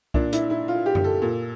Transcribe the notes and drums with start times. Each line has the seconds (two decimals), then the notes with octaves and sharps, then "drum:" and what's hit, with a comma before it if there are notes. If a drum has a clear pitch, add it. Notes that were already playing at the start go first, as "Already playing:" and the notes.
0.14 A#2 D4, drum: kick C2
0.33 E4, drum: hi-hat
0.50 E4
0.68 F4
0.86 G4
0.95 drum: tom F#2
1.04 A4
1.22 A#2